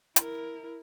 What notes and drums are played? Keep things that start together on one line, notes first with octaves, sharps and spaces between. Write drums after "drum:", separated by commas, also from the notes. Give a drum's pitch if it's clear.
E4 A#4, drum: hi-hat